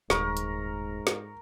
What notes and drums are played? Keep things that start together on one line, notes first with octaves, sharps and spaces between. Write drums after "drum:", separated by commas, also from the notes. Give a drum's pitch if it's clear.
D#1 G#2 A#4 C#6, drum: snare
drum: hi-hat
drum: snare